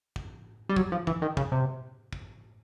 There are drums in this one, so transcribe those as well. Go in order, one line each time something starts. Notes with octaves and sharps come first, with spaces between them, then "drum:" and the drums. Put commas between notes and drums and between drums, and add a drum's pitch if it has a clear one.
drum: kick
G3
F#3, drum: kick
F3
E3, drum: kick
D#3
C#3, drum: kick
C3
drum: kick